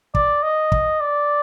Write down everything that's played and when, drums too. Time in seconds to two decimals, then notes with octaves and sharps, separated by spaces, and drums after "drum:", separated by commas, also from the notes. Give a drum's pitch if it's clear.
0.15 D5, drum: kick
0.43 D#5
0.72 drum: kick
1.01 D5